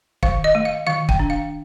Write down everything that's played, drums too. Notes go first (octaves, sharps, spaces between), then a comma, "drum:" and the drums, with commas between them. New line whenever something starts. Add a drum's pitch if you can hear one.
D#3 F5, drum: kick
D#5
A3
F5
D#3 F5
G5, drum: kick
D4
F5